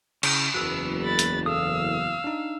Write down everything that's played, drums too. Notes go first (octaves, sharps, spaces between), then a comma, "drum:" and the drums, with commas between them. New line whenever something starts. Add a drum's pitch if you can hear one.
C#3 C#4 E4 G6, drum: cymbal
F#1 E2 F#4 B4 F#5 E6
B5 A6
drum: hi-hat
A4 F5 D#6 E6
D4 D#4